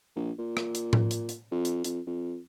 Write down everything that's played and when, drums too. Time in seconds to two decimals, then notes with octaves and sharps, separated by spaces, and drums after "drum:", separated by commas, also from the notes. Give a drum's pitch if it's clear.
0.16 A#1
0.39 A#2
0.57 drum: rim click
0.75 drum: hi-hat
0.93 drum: tom A2
1.11 drum: hi-hat
1.29 drum: hi-hat
1.51 F2
1.65 drum: hi-hat
1.84 F2, drum: hi-hat
2.07 F2